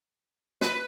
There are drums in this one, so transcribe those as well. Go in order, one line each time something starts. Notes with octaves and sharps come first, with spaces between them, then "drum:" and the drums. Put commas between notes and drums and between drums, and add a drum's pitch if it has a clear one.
B4, drum: snare